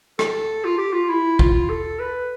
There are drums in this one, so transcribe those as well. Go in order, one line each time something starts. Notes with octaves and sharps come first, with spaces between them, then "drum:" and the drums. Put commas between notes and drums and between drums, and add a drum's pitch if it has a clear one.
A4, drum: rim click
F4
G4
F4
E4
F4, drum: kick
A4
B4